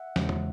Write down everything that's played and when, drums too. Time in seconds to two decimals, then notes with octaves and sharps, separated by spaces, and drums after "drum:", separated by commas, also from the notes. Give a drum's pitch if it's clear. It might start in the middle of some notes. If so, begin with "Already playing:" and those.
Already playing: E5 F#5
0.16 E2 C#3 E3 G#3, drum: snare
0.29 drum: tom